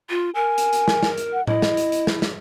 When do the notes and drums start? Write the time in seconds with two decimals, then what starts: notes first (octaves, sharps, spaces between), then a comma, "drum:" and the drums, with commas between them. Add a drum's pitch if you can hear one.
0.10 F4
0.35 A#4 G#5
0.58 drum: hi-hat
0.73 drum: hi-hat
0.88 drum: snare
1.03 drum: snare
1.18 drum: hi-hat
1.33 F#5
1.47 E4 D#5, drum: tom A2
1.62 drum: snare
1.77 drum: hi-hat
1.92 drum: hi-hat
2.07 drum: snare
2.22 drum: snare